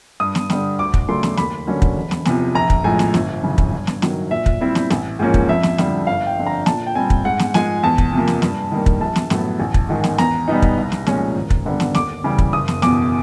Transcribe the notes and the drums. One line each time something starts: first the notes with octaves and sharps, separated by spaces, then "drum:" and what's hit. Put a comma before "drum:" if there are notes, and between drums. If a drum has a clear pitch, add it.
G2 D#6
drum: snare
D3 G3, drum: snare
D2 D6
drum: kick
C#3 F#3 A3 D4 C6
drum: snare
D#2 B5, drum: snare
D3 F#3 A#3 C#4
drum: kick
E1
drum: snare
E2 C3 F3, drum: snare
A#1 A#5
drum: kick
A2 F3 G#3 G#5
drum: snare
G1, drum: snare
F#2 C#3 E3
drum: kick
G2
drum: snare
D#3 F#3, drum: snare
A#2 E5
drum: kick
G3 C4 E4
drum: snare
A1, drum: snare
G#2 F3 A#3 C#4
drum: kick
F2 E5
drum: snare
D3 G3, drum: snare
G1 F5
G5
F2 D3
A#5
A#2 A5, drum: snare
G5
G3 C4 G#5
drum: kick
G#2 F#5
drum: snare
F3 G#3 G#5, drum: snare
E2 A5
drum: kick
C3 F3 A#3
drum: snare
G2, drum: snare
D#3 G3 A#3
drum: kick
A#1 A5
drum: snare
A2 F#3 B3, drum: snare
A1
drum: kick
G#2 D#3 G#3
drum: snare
E2 A#5, drum: snare
B2 G3 B3 D#4
drum: kick
C2
drum: snare
A#2 F3 G#3 C#4, drum: snare
G#1
drum: kick
G2 D3 G3 B3
drum: snare
D#2 D6, drum: snare
C#3 E3 G3
drum: kick
F#1 D#6
drum: snare
E2 B2 D6, drum: snare